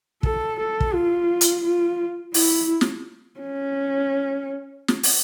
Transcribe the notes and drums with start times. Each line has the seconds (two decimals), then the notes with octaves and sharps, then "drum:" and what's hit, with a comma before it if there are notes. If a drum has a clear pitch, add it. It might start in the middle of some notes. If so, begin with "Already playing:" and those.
0.23 A4, drum: kick
0.60 A4
0.80 drum: kick
0.94 F4
1.41 drum: hi-hat
1.65 F4
2.34 E4, drum: open hi-hat
2.81 drum: snare
3.40 C#4
4.88 drum: snare
5.03 drum: open hi-hat